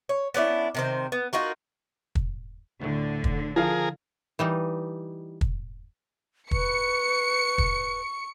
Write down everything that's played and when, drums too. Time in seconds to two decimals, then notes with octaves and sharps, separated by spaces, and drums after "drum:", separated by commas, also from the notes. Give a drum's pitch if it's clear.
0.09 C#5
0.34 B3 C#4 D4 E4
0.75 C3 D#3 C5
1.12 B3
1.33 D#4 F4 F#4 A#4
2.15 drum: kick
2.81 D2 A2 D3
3.24 drum: kick
3.56 F3 G#4 A#4 F5
4.39 E3 G3 D#4
5.41 drum: kick
6.51 B4 C#6 C#7, drum: kick
7.58 drum: kick